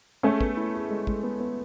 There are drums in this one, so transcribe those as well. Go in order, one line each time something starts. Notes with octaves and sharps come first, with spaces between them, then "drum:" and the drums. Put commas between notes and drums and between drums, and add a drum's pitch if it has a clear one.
A3 C#4 G#4
B3, drum: kick
E4
G#4
G#3
G#3, drum: kick
B3
B3